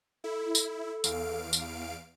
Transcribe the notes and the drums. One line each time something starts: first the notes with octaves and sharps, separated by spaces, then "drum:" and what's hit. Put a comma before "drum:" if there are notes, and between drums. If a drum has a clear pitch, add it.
E4 A4
drum: tambourine
E2 F5 D7, drum: tambourine
drum: tambourine